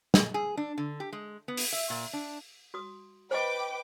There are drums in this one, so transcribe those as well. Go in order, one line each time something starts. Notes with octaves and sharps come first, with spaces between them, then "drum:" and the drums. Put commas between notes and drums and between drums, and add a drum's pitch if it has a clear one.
G#4, drum: snare
G#4
D4
D3
G4
G#3
B3
drum: open hi-hat
E5
A#2
D4
F#4 D#6
B4 C5 D#5 G5 D6